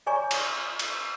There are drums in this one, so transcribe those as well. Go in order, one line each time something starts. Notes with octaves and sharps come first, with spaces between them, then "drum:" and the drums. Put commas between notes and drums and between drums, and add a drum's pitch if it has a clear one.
G#4 C#5 D5 G#5 A#5 C#6
drum: cymbal
drum: cymbal